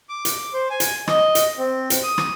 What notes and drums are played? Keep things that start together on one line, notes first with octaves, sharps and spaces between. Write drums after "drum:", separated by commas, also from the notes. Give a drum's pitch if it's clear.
D6
drum: hi-hat
C5
G#5
drum: hi-hat
D#5, drum: rim click
drum: hi-hat
C4
drum: hi-hat
D#6
drum: rim click